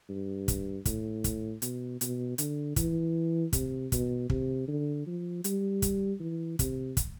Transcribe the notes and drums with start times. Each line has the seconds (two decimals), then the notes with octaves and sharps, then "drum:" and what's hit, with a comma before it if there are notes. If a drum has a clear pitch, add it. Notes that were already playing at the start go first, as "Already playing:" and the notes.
0.09 G2
0.48 drum: kick, hi-hat
0.85 A2, drum: kick, hi-hat
1.24 drum: kick, hi-hat
1.62 B2, drum: hi-hat
2.01 B2, drum: hi-hat
2.38 D3, drum: hi-hat
2.76 E3, drum: kick, hi-hat
3.53 C3, drum: kick, hi-hat
3.92 B2, drum: kick, hi-hat
4.30 C3, drum: kick
4.68 D3
5.06 F3
5.44 G3, drum: hi-hat
5.82 drum: kick, hi-hat
6.20 E3
6.59 C3, drum: kick, hi-hat
6.97 drum: kick, hi-hat